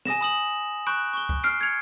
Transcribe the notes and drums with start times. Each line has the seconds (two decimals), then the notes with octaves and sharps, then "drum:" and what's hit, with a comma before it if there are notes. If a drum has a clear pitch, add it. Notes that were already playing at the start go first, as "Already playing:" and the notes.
0.05 G#5 D#6 A#6 E7, drum: snare
0.21 B5 D#6 F#7
0.86 B5 C#6 F#6 G6 D7 E7
1.13 C#6 G7
1.29 drum: kick C2
1.44 F6 C7 D7
1.60 F6 G#6 C#7 F7